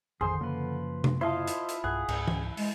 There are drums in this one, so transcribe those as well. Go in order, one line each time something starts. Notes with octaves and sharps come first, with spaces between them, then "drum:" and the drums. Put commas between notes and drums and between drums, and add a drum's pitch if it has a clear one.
A1 F2 D3 D#3 G#4 C5 C6
F#2 C#3 F3 A#3 B4
drum: tom C3
E4 F4 C5 D#5 F5 A5 C6
drum: hi-hat
drum: hi-hat
B1 G2 G#4 F#5
C#2 G#2, drum: cymbal
drum: tom E3
G#3, drum: open hi-hat